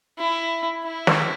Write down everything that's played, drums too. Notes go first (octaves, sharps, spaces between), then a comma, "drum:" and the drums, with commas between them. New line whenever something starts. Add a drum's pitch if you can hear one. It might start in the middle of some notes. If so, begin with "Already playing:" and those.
E4
E4
drum: snare